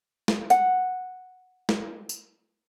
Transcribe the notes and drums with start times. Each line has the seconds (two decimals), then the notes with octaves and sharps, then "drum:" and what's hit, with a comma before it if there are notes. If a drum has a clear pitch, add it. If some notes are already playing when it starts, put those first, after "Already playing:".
0.28 drum: snare
0.50 F#5, drum: hi-hat
1.69 drum: snare
2.09 drum: tambourine